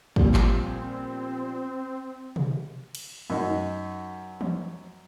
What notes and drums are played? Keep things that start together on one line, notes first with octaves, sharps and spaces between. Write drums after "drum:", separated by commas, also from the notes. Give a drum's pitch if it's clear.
A#2 F3 G3 C4, drum: kick
drum: clap
drum: tom B2
drum: cymbal
F#2 D#4
drum: tom